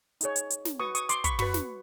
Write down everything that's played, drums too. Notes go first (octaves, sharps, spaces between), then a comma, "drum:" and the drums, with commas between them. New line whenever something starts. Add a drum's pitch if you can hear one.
D#4 G#4 C#5, drum: hi-hat
drum: hi-hat
drum: hi-hat
drum: snare
F#4 B4 C#6 D#6
C#6 D#6, drum: hi-hat
C6 D6, drum: hi-hat
B5 C#6, drum: kick, hi-hat
F#4 B4 B5 C#6, drum: tom
drum: snare